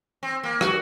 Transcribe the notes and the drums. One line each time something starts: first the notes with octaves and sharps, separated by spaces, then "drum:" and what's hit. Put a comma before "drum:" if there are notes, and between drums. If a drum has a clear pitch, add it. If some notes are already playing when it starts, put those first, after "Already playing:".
C4
A#3
F#4, drum: rim click